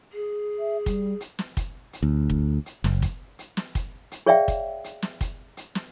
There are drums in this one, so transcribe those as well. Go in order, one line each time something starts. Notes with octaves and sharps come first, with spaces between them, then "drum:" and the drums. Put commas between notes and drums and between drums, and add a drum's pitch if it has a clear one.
G#4
E5
G3, drum: kick, hi-hat
drum: hi-hat
drum: snare
drum: kick, hi-hat
drum: hi-hat
D2
drum: kick
drum: hi-hat
F#1, drum: snare
drum: kick, hi-hat
drum: hi-hat
drum: snare
drum: kick, hi-hat
drum: hi-hat
G#4 C#5 D5 E5 F5 G5
drum: kick, hi-hat
drum: hi-hat
drum: snare
drum: kick, hi-hat
drum: hi-hat
drum: snare